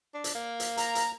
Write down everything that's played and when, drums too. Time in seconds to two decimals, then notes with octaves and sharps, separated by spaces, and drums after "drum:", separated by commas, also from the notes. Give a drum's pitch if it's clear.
0.14 D4
0.24 drum: hi-hat
0.35 A#3
0.60 drum: hi-hat
0.77 A#5, drum: hi-hat
0.95 drum: hi-hat